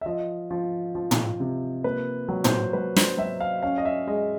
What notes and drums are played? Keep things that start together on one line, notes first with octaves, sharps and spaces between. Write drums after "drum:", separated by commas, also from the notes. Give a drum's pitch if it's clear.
E5
F3 D#5
F3
F3
drum: tom
C3
A#3 B4
F#3
C5, drum: tom
F#3 B4
C5, drum: snare
F#3 E5
F5
C#4 F5
D#5
E5
G#3 D#5